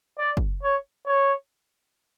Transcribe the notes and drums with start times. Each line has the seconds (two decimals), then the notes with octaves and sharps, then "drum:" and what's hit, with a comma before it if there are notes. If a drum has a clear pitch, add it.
0.19 D5
0.37 drum: kick
0.63 C#5
1.07 C#5